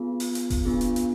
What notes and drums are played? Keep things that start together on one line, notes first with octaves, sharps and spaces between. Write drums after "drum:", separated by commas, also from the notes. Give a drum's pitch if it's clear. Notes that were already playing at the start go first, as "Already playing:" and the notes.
Already playing: B3 F4 G#4
drum: open hi-hat
drum: hi-hat
drum: kick E1, open hi-hat
B3 D4 F4 G#4
drum: hi-hat
drum: hi-hat